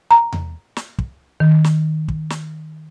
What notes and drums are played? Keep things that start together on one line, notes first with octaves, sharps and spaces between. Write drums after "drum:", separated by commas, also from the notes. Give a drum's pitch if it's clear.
A#5
drum: tom E2
drum: snare
drum: kick
D#3
drum: snare
drum: kick
drum: snare